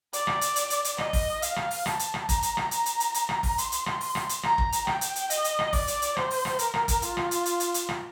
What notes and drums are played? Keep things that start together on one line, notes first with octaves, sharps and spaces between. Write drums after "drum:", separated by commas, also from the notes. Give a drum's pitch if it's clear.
D5, drum: hi-hat
drum: rim click
drum: hi-hat
drum: hi-hat
drum: hi-hat
drum: hi-hat
D#5, drum: rim click
drum: kick, open hi-hat
F5, drum: hi-hat
drum: rim click
drum: open hi-hat
A5, drum: rim click
drum: hi-hat
drum: rim click
A#5, drum: kick, hi-hat
drum: hi-hat
drum: rim click
A#5, drum: hi-hat
drum: hi-hat
drum: hi-hat
drum: hi-hat
drum: rim click
drum: kick, open hi-hat
C6, drum: hi-hat
drum: hi-hat
drum: rim click
drum: open hi-hat
drum: rim click
drum: hi-hat
A#5, drum: rim click
drum: kick
drum: hi-hat
G5, drum: rim click
drum: hi-hat
drum: hi-hat
D#5, drum: hi-hat
drum: hi-hat
drum: rim click
D5, drum: kick, open hi-hat
drum: hi-hat
drum: hi-hat
C5, drum: rim click
drum: open hi-hat
drum: rim click
A#4, drum: hi-hat
drum: rim click
drum: kick, hi-hat
F4, drum: hi-hat
drum: rim click
drum: hi-hat
drum: hi-hat
drum: hi-hat
drum: hi-hat
drum: rim click